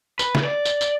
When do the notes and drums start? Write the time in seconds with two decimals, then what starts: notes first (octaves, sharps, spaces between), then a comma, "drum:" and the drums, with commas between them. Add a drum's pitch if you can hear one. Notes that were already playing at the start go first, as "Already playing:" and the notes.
0.19 B4, drum: tambourine
0.35 drum: snare
0.45 D5
0.65 drum: tambourine
0.81 drum: tambourine